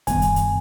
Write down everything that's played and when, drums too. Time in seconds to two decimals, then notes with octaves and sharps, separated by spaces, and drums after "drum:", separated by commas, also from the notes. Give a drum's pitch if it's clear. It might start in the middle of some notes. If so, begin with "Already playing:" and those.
0.07 F#2 D#3 G3 B3 G#5, drum: kick, hi-hat
0.22 drum: hi-hat
0.36 drum: hi-hat